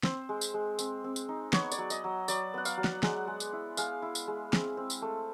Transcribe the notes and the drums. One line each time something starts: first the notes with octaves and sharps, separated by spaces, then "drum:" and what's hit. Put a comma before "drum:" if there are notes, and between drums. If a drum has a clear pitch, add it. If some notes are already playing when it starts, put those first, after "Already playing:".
C4 C5, drum: snare
G#3
drum: tambourine
G#3
C4, drum: tambourine
C4
drum: tambourine
D#4
B3 C#5, drum: snare
D5, drum: tambourine
F#3
D#5, drum: tambourine
F#3
F#3 D5, drum: tambourine
B3 F#5
F5, drum: tambourine
F#3
F#5, drum: snare
G#3 F#5, drum: snare
G#3
drum: tambourine
E4
G#3 F5, drum: tambourine
E4
drum: tambourine
G#3
C4, drum: snare
C4
drum: tambourine
A3